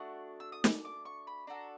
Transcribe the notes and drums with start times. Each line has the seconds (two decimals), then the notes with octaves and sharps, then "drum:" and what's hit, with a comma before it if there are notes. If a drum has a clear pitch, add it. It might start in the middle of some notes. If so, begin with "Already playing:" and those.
Already playing: A3 D4 F#4 D#6
0.40 E6
0.52 D#6
0.64 D6, drum: snare
0.85 D6
1.05 C#6
1.27 B5
1.47 D4 F#4 A4 A#5